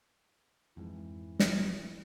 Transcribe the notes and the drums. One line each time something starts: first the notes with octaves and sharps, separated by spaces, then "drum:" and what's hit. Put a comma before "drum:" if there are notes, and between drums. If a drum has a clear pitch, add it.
F2 G#2 E3
drum: snare